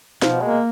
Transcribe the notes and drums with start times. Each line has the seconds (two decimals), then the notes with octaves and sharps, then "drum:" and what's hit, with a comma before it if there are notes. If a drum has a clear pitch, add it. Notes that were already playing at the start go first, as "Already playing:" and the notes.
0.22 B2 F3, drum: snare
0.41 G#3 A#3